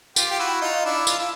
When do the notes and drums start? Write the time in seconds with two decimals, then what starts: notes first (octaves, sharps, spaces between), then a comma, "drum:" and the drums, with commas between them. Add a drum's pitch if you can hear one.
0.16 F4 G4, drum: tambourine
0.31 G4
0.39 E4 F#4
0.61 D#4 F4
0.85 D4 E4
1.07 F4, drum: tambourine
1.19 E4